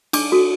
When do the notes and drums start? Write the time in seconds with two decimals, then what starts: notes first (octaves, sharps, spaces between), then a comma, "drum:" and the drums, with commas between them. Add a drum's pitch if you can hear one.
0.13 D4 D6, drum: cymbal
0.32 F#4 A4